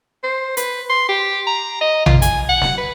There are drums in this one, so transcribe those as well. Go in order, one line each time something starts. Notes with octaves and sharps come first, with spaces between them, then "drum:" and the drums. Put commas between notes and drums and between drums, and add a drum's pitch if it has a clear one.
C5
B4, drum: hi-hat
C6
G4
A#5
D#5
F4, drum: tom A#1
G#5, drum: hi-hat
F#5
drum: snare
B4